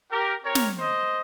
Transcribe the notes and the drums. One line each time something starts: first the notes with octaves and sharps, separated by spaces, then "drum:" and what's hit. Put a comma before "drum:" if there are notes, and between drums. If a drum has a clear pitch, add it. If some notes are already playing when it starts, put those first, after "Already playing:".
G4 A#4
C4 G4 A#4 C#5
drum: snare
C5 D#5